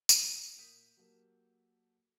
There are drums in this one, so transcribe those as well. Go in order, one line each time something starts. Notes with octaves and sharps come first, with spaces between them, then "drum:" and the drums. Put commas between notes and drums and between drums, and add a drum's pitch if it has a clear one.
drum: tambourine
A#2 A#4 D#6 G6 B6 E7
F#3 A#3 G4 A4 A#4